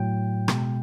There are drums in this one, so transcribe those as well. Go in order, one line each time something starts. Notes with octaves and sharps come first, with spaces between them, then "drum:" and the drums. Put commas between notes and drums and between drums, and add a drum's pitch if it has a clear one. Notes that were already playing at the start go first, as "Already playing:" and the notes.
Already playing: A2 F#3 G5
B2 G#3, drum: rim click